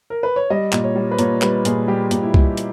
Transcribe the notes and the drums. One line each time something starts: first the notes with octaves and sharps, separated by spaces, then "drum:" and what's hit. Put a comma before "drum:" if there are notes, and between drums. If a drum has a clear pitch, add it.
A#4
B4
C#5
G3 D#5
A#2, drum: clap
C#5
G3
B4
A#2 C#5, drum: hi-hat
G3 B4, drum: clap
A#2 G#4, drum: hi-hat
G3 G4
A#2, drum: hi-hat
E4
G3, drum: kick C2
drum: hi-hat